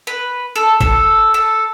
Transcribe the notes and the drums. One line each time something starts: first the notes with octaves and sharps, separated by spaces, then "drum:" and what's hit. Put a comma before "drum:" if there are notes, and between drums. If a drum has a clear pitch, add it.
B4
A4
A4, drum: kick G1
A4